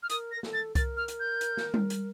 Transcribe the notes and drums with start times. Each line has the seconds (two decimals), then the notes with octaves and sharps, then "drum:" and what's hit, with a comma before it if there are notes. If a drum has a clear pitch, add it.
0.03 F6
0.10 A#4 D#6, drum: hi-hat
0.32 A#6
0.36 A#4
0.43 A4, drum: snare
0.53 A6
0.75 A#4 A6, drum: kick C2, hi-hat
0.97 F6
1.08 drum: hi-hat
1.20 G6
1.41 drum: hi-hat
1.57 drum: snare
1.74 drum: tom G3
1.90 drum: hi-hat